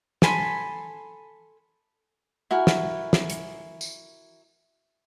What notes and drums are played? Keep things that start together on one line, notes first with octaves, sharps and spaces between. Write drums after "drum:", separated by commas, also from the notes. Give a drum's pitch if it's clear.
A4 G#5 B5 C6, drum: snare
E4 F#4 A#4 G#5
drum: snare
drum: snare
drum: hi-hat
drum: tambourine